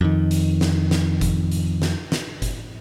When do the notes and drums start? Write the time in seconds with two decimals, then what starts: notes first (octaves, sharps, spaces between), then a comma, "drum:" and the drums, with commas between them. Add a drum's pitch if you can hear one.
0.01 F2 D#3
0.31 drum: hi-hat
0.61 drum: snare
0.91 drum: snare
1.21 drum: kick F#1, hi-hat
1.52 drum: hi-hat
1.82 drum: snare
2.12 drum: snare
2.42 drum: kick F#1, hi-hat